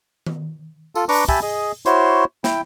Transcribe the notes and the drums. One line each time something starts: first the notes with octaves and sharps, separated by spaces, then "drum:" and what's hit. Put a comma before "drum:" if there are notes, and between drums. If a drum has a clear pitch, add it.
drum: tom D#3
F4 A4, drum: tambourine
D4 B4 A#5 C#6 D6, drum: open hi-hat
G4 E5 G#5 A5 B5, drum: kick
G#4 D#5
E4 F#4 C5 C#5 C6, drum: hi-hat
E4 G5, drum: snare